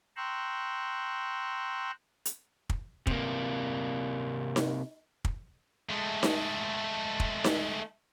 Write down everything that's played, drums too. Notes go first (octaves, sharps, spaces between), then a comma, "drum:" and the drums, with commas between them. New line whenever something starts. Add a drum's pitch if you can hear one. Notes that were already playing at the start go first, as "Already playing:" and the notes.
G5 A#5 C6 C#6 E6 F#6
drum: hi-hat
drum: kick
C3 A#3, drum: kick
drum: snare D#4
drum: kick
G#3 A3
drum: snare D#4
drum: kick
drum: snare D#4